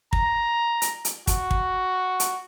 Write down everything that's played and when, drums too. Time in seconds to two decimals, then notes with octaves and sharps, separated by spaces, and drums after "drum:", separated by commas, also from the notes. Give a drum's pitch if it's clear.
0.13 A#5, drum: kick
0.82 drum: hi-hat
1.05 drum: hi-hat
1.27 F#4, drum: kick, hi-hat
1.51 drum: kick
2.20 drum: hi-hat